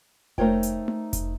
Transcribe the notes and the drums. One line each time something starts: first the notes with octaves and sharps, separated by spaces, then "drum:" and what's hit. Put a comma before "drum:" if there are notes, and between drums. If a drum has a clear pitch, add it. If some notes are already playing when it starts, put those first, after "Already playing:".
A3 D#4 A#4 C5 C#5 G5, drum: kick F1
drum: hi-hat
drum: tom A3
drum: kick F1, hi-hat